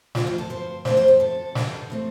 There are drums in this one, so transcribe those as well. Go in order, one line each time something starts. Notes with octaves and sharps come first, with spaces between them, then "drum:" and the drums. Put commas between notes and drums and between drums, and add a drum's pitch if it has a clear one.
D2 C3 F3 A3 F4, drum: snare
G4
A4
G2 F3 C4 C5
F2 C3 A3 C4 C5, drum: snare
C5
G4
D2 C3 F3 A4
G2 D3 G3, drum: snare
A2 A3 C4